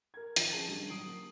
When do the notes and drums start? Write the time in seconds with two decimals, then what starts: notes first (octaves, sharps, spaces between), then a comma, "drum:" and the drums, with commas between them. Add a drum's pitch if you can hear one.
0.14 A#4 G#6
0.36 D#3 F3, drum: hi-hat
0.52 C#4 G#4 A5
0.68 G3 D4
0.88 F#3 D#6 C7 D7 F#7
1.07 A#3